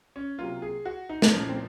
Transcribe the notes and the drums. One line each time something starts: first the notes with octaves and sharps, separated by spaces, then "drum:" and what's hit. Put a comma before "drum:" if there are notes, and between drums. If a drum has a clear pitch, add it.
C#4
C3 F#3 A#3 F4
G#4
F#4
D#4
drum: snare
A#2 F3 A#3 C#4
C4